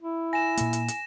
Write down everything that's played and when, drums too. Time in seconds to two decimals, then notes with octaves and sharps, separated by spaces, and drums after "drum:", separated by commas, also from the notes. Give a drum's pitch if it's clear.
0.01 E4
0.33 G#5 A#6 E7
0.57 A#2 A#3, drum: hi-hat
0.73 drum: hi-hat
0.88 drum: hi-hat